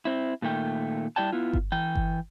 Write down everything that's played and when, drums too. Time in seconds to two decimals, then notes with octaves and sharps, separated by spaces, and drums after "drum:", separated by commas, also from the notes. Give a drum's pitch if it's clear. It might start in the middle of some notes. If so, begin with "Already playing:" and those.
0.05 C4 E4
0.42 A#2 D#3 A3 G5
1.16 G3 E4 D5 G5 A5
1.32 B3 E4 F4
1.53 drum: kick G1
1.72 E3 G5
1.95 drum: kick G1